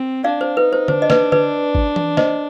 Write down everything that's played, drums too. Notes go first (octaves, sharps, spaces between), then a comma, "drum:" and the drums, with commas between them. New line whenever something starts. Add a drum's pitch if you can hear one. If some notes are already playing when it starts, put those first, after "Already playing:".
Already playing: C4
D4 D5 F5
C5
D#4 B4
C5
D4 C5, drum: tom D3
D#5
B4 D5, drum: snare
B4 D5, drum: tom D3
drum: kick G#1
drum: tom E3
C5 D#5, drum: snare